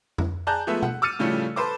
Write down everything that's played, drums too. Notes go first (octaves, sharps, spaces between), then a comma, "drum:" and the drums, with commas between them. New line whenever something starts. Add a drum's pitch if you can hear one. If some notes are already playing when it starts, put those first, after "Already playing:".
drum: tom F2
G#4 D5 A5 A#5 F#6 G6
F3 G#3 A3 B3 E5
F#5, drum: tom B2
D6 E6 F6 A6 C#7 D#7
A2 C#3 F3 G3 A3
A4 B4 C5 D6